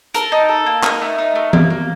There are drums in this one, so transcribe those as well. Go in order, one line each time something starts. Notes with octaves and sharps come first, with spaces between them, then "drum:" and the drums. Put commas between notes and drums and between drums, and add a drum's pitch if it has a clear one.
A4 A#4, drum: hi-hat
D#4
A4
A#3
D#4 A#4, drum: clap
A3
D#4
A3
A#3, drum: tom E3
A#3